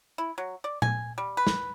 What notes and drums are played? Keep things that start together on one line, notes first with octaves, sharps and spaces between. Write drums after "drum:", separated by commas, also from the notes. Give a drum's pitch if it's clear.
E4
F#3
D5
G#5, drum: tom A#2
G3
B4
drum: snare